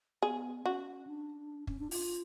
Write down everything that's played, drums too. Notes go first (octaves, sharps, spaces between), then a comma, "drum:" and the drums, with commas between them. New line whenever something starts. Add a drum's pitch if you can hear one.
B3 G#4
C#4 F#4
D4
C#4, drum: kick
D4
F4, drum: open hi-hat